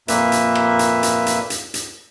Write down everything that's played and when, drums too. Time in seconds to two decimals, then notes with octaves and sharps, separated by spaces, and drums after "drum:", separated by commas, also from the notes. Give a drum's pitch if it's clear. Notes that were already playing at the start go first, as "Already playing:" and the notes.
0.08 F2 A#2 A#3 B4 E5, drum: hi-hat
0.32 drum: hi-hat
0.55 drum: rim click
0.79 drum: hi-hat
1.03 drum: hi-hat
1.26 drum: hi-hat
1.50 drum: hi-hat
1.74 drum: hi-hat